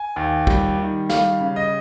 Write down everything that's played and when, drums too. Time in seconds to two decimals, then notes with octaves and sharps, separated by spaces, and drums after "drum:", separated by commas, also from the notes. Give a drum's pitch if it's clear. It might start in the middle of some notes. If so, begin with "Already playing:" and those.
Already playing: G#5
0.16 D#2
0.47 G3, drum: kick
0.78 D#3
1.09 G3 F5, drum: snare
1.41 C#3
1.56 D#5